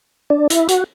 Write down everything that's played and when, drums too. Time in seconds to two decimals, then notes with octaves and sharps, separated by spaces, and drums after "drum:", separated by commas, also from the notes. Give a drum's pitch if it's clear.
0.30 D4
0.50 E4, drum: hi-hat
0.68 F#4, drum: hi-hat